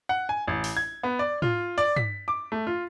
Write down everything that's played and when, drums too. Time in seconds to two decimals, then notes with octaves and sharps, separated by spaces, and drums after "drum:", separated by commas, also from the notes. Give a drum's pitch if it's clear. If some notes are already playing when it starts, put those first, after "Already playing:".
0.09 F#5
0.29 G#5
0.47 A1
0.64 drum: open hi-hat
0.77 G#6
1.03 B3
1.19 D5
1.42 F4, drum: tom
1.78 D5
1.96 B6, drum: tom
2.28 D6
2.52 A3
2.67 F4